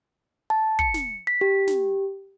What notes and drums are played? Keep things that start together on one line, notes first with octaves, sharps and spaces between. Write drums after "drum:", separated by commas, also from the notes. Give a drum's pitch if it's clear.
A5
C#7, drum: kick
drum: snare
B6
G4
drum: snare